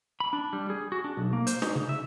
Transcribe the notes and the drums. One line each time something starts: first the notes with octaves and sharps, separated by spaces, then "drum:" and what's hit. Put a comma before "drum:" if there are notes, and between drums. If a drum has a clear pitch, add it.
B5
D4
G3
G#4
F#4
D4
B1
A#3
C5, drum: hi-hat
D#4, drum: snare
C#3
E5